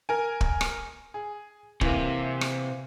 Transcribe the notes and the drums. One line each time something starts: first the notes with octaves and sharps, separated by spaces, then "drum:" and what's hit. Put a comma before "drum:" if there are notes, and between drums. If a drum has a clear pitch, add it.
A#4 G#5
drum: kick
drum: rim click
G#4
C3 E3 A#3, drum: kick
drum: rim click